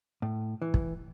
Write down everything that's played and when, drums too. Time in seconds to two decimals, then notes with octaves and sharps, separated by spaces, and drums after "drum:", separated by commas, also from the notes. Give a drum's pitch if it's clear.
0.22 A2
0.62 E3
0.74 drum: kick